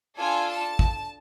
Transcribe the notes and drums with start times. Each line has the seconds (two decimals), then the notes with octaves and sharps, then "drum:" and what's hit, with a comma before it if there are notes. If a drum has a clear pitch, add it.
0.17 D4 F4 A4 G#5
0.49 A5
0.79 drum: kick